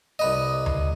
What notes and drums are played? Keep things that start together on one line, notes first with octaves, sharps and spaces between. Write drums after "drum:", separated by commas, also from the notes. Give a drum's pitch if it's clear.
C2 B4 D#5
drum: tom D2